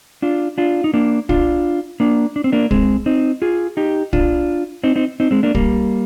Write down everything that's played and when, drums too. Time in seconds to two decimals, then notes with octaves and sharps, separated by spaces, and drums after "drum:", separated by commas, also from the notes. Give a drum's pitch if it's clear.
0.22 D4 F4
0.58 D4 F4
0.84 D#4
0.94 A#3 D4
1.29 D4 F4, drum: kick
2.00 A#3 D4
2.36 D4
2.44 C4
2.52 A#3 D4
2.71 G#3 C4, drum: kick
3.06 C4 D#4
3.42 F4 G#4
3.77 D#4 G4
4.13 D4 F4, drum: kick
4.84 C4 D#4
4.96 C4 D#4
5.20 C4 D#4
5.31 G#3 C4
5.43 A#3 D4
5.55 G3 A#3, drum: kick